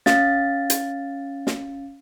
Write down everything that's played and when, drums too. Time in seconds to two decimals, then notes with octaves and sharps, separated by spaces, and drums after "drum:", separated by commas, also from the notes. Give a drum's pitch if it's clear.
0.06 C#4 F5 A6, drum: snare
0.70 drum: hi-hat
1.47 drum: snare